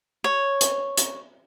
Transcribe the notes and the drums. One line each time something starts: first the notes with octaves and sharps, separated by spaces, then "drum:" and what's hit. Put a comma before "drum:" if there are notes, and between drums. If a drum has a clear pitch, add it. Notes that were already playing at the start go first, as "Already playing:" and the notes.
C#5
drum: hi-hat
drum: hi-hat